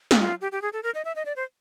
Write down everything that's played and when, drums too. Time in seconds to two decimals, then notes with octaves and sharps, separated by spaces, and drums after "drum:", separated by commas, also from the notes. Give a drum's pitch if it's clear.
0.11 drum: snare
0.20 F4
0.41 G4
0.52 G4
0.62 G#4
0.73 A4
0.83 A#4
0.95 D#5
1.05 E5
1.16 D#5
1.25 D5
1.36 C5